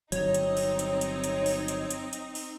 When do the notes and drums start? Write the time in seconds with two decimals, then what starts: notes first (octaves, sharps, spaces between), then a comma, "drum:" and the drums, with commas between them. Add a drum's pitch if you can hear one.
0.12 G1 F#3 C4 D#4 C#5, drum: hi-hat
0.34 drum: hi-hat
0.57 drum: open hi-hat
0.79 drum: hi-hat
1.01 drum: hi-hat
1.24 drum: hi-hat
1.46 drum: open hi-hat
1.68 drum: hi-hat
1.91 drum: hi-hat
2.13 drum: hi-hat
2.35 drum: open hi-hat